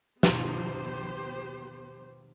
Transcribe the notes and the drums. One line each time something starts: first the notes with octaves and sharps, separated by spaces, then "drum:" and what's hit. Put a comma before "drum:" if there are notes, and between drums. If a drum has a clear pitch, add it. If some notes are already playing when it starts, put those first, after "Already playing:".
B2 D#3 B3 E4 G4 C5, drum: snare